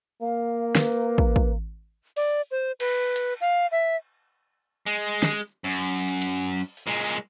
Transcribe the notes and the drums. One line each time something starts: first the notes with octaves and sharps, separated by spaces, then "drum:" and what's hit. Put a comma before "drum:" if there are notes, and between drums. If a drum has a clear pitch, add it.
A#3 F5
B4, drum: snare
drum: kick
drum: kick
D5, drum: open hi-hat
C5
B4, drum: cymbal
drum: hi-hat
F5
E5
G#3
drum: snare
F#2
drum: hi-hat
drum: cymbal
drum: open hi-hat
A#2 G#3